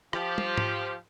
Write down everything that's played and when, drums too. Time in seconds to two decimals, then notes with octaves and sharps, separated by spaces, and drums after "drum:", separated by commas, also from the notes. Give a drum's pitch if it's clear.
0.13 F3 G4, drum: rim click
0.38 drum: tom
0.58 drum: tom G#2